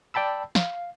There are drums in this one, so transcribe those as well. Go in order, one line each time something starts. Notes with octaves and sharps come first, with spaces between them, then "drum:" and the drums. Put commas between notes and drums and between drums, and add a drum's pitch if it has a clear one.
D5 G5 A5 B5 E6
F5, drum: snare